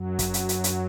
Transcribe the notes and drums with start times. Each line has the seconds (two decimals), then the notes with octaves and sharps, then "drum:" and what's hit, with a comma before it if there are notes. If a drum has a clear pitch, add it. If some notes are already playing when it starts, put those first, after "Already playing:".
Already playing: F#2 F#3
0.19 drum: kick, hi-hat
0.34 drum: hi-hat
0.49 drum: hi-hat
0.64 drum: hi-hat